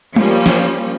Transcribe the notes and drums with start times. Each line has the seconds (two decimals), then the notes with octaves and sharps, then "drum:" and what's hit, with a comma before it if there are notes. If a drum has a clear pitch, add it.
0.16 F3 G3 A#3 C#4, drum: tom G#3
0.46 drum: snare